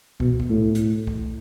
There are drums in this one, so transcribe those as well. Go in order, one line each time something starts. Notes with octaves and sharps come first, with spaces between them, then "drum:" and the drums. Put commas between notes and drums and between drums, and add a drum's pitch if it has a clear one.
B2, drum: kick
drum: kick
A2
drum: hi-hat
drum: kick